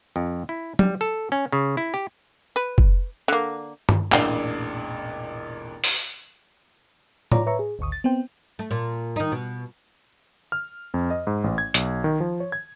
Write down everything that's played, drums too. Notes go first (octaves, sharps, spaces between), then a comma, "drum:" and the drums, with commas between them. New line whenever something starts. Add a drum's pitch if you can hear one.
F2
E4
G3, drum: tom F#3
A4
C#4
C#3
E4
G4
B4
drum: kick
D3 A#3
drum: tom G2
E1 A1 A#2 D4 C7 G7, drum: clap
drum: open hi-hat
F4 C#5 D5 A#5 D6, drum: tom A2
B4 C#5 E5 A#5 C#6
G#4
G#1 D2 C#6 D#6
A6
B3 C4 C5 G5
A3
A#2
D#3 D#4
B2
F6
F2
D#5
G#2
A1
G#6
B1, drum: hi-hat
D#3
F3
C#5
G#6